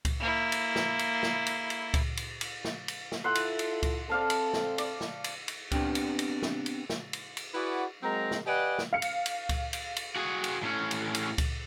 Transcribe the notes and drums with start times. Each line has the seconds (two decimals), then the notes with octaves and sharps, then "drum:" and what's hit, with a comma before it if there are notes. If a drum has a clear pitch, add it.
0.05 drum: kick C#2, cymbal
0.20 A#3 E4
0.52 drum: cymbal
0.76 drum: snare
0.99 drum: cymbal
1.23 drum: snare
1.47 drum: cymbal
1.70 drum: cymbal
1.94 drum: kick C#2, cymbal
2.17 drum: cymbal
2.41 drum: cymbal
2.65 drum: snare
2.88 drum: cymbal
3.12 drum: snare
3.24 E4 F4 A4 E5 F#5 C6
3.35 drum: cymbal
3.59 drum: cymbal
3.83 drum: kick C#2, cymbal
4.09 C4 A4 D5 F5 A5
4.30 drum: cymbal
4.53 drum: snare
4.78 D5, drum: cymbal
5.01 drum: snare
5.24 drum: cymbal
5.48 drum: cymbal
5.71 B3 C4 D4 G4 A#4, drum: kick C#2, cymbal
5.95 drum: cymbal
6.19 drum: cymbal
6.42 drum: snare
6.66 drum: cymbal
6.90 drum: snare
7.13 drum: cymbal
7.37 drum: cymbal
7.54 E4 F#4 G#4 B4 D5 F#5
8.03 F#3 G#3 A#3 C4 A#5
8.31 drum: snare
8.46 G4 B4 D5 D#5 F#5 G#5
8.78 drum: snare
8.93 F5 C#7
9.02 drum: cymbal
9.26 drum: cymbal
9.49 drum: kick C#2, cymbal
9.73 drum: cymbal
9.96 drum: cymbal
10.16 F#4 G#4
10.44 drum: cymbal
10.62 A2 C#4
10.91 drum: cymbal
11.15 drum: cymbal
11.38 drum: kick C#2, cymbal